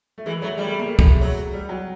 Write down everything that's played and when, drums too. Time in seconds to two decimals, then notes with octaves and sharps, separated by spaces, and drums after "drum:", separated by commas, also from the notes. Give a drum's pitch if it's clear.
0.18 A3
0.26 E3 G#3
0.42 F#3 A3
0.58 G3 G#3
0.68 A3
0.79 A#3
0.89 A3
0.99 G#3, drum: kick
1.09 A3
1.21 F#3
1.53 G3
1.69 F#3